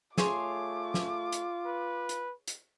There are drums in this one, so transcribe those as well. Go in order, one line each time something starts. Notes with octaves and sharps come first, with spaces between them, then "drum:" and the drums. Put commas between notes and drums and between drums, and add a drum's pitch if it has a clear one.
A3 F4 G#4 C#5 C6 D6, drum: snare
drum: snare
drum: hi-hat
B4
drum: hi-hat
drum: hi-hat